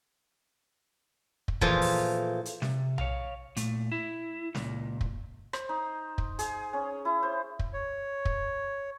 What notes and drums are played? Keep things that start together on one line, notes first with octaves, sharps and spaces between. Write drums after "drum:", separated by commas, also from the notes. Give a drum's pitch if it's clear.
drum: kick
A#2 E3 F3 A3 F4 G#4, drum: kick
drum: open hi-hat
drum: hi-hat
C3, drum: snare C#4
C#5 F5, drum: tom B1
A#2 A3, drum: hi-hat
E4
C#2 A#2, drum: snare C#4
drum: kick
C5, drum: rim click
D#4
drum: kick
G#4, drum: hi-hat
C#4
E4
C5
drum: kick
C#5
drum: kick